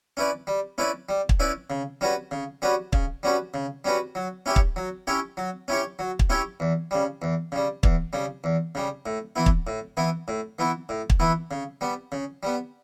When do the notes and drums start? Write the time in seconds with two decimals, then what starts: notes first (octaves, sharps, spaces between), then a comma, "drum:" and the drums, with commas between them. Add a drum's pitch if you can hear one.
0.17 C#4 E4 B4 D5
0.47 G3
0.78 C#4 E4 B4 D5
1.09 G3
1.29 drum: kick
1.40 C#4 E4 B4 D5
1.70 C#3
2.01 G3 C#4 F#4 B4
2.31 C#3
2.62 G3 C#4 F#4 B4
2.93 C#3, drum: kick
3.23 G3 C#4 F#4 B4
3.54 C#3
3.85 G3 C#4 F#4 B4
4.15 F#3
4.46 C#4 E4 G4 C#5
4.56 drum: kick
4.76 F#3
5.07 C#4 E4 G4 C#5
5.37 F#3
5.68 C#4 E4 G4 C#5
5.99 F#3
6.19 drum: kick
6.30 C#4 E4 G4 C#5
6.60 E2
6.91 C#3 G3
7.22 E2
7.52 C#3 G3
7.83 E2, drum: kick
8.13 C#3 G3
8.44 E2
8.75 C#3 G3
9.06 A2
9.36 E3 B3 E4
9.46 drum: kick
9.67 A2
9.97 E3 B3 E4
10.28 A2
10.59 E3 B3 E4
10.89 A2
11.10 drum: kick
11.20 E3 B3 E4
11.51 C#3
11.81 G3 B3
12.12 C#3
12.43 G3 B3